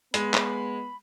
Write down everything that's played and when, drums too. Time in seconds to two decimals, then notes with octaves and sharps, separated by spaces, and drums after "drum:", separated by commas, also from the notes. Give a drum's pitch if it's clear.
0.14 G#3 B3 B5, drum: hi-hat
0.34 drum: clap